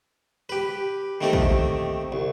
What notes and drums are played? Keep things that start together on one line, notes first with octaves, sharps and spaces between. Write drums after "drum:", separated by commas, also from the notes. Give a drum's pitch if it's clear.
G4 B4
D#3 A3 A#3 C4 G4 A4
drum: kick
C2